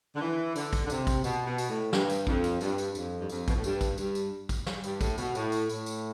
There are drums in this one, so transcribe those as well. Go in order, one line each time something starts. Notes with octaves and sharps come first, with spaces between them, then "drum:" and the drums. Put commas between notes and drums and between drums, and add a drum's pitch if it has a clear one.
D3
E3
D3, drum: tambourine
drum: kick A1, tambourine
D3
C3, drum: tambourine
drum: kick A1, tambourine
B2, drum: tambourine
B2
drum: tambourine
A2
G2, drum: snare
drum: tambourine
F2, drum: kick A1
drum: tambourine
G2, drum: tambourine
drum: tambourine
F2, drum: tambourine
G2
F2, drum: tambourine
B2, drum: kick A1, tambourine
A2
G2, drum: tambourine
drum: kick A1, tambourine
G2, drum: tambourine
drum: tambourine
drum: kick A1, tambourine
drum: snare
G2, drum: tambourine
A2, drum: kick A1, tambourine
B2, drum: tambourine
A2, drum: tambourine
drum: tambourine
A2, drum: tambourine
drum: tambourine